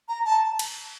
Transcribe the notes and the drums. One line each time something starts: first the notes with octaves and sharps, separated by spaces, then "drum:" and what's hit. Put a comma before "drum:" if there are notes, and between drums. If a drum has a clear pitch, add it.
A#5
A5
drum: cymbal